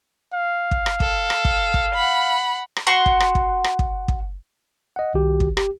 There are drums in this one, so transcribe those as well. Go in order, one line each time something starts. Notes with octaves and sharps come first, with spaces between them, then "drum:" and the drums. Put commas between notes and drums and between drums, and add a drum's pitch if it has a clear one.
F5
drum: kick
drum: rim click
A4, drum: kick
drum: rim click
drum: kick
drum: kick
F#5 B5
drum: rim click
F#4 F#5 C6 C#6
drum: kick
drum: rim click
drum: kick
drum: rim click
drum: kick
drum: kick
D#5 F#5
C2 D#3 F#4 G4
drum: kick
G4, drum: rim click